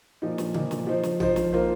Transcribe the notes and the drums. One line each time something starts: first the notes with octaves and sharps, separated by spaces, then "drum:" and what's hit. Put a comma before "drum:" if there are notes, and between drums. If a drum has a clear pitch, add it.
A#2 F3 D#4
drum: snare
A#2 F3 D#4, drum: tom C#3
drum: snare
F3 D#4 C5
drum: snare
F3 D#4 C5, drum: tom A#1
drum: snare
A#3 F4 C5